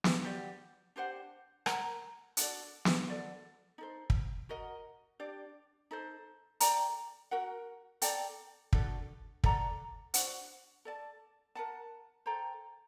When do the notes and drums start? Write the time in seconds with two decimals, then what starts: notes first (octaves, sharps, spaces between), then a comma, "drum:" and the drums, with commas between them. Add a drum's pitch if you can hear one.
0.04 drum: snare
0.24 G4 D5 F#5
0.96 D4 G4 C5 F#5
1.66 A#4 F#5 A#5, drum: rim click
2.37 D4 F#4 A4 D5, drum: hi-hat
2.85 drum: snare
3.08 A4 D5 F#5
3.78 D#4 A4 C5
4.10 drum: kick
4.49 F#4 A#4 D#5 F#5
5.20 D4 G4 D5
5.91 D#4 A4 C5
6.60 A4 D5 G5 A#5, drum: hi-hat
7.31 F#4 A#4 F#5
8.02 A4 D5 G5 A#5, drum: hi-hat
8.73 D4 F#4 A4, drum: kick
9.44 A4 D5 F#5 A#5, drum: kick
10.14 D4 F#4 C5 F#5, drum: hi-hat
10.85 A4 D5 A5
11.55 A#4 F#5 A5
12.26 A4 C5 G5 A#5